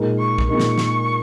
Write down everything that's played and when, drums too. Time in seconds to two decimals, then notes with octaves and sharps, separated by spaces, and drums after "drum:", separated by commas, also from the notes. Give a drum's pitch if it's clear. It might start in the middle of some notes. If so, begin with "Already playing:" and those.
Already playing: A#2 G#3 D#4 A#4
0.19 C#6
0.38 drum: kick
0.49 A#2 G#3 D#4 A#4 C#6
0.60 drum: snare
0.78 drum: snare